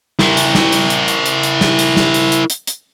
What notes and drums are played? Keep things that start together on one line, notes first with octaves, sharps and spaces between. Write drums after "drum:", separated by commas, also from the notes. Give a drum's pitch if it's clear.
E4 A#4, drum: snare
drum: hi-hat
drum: snare
drum: hi-hat
drum: hi-hat
drum: hi-hat
drum: hi-hat
drum: hi-hat
drum: snare
drum: hi-hat
drum: snare
drum: hi-hat
drum: hi-hat
drum: hi-hat
drum: hi-hat